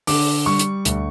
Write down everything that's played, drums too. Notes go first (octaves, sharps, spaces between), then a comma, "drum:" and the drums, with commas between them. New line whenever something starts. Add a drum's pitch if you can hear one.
D3 D6, drum: open hi-hat
G3 C#6
drum: hi-hat
D2, drum: hi-hat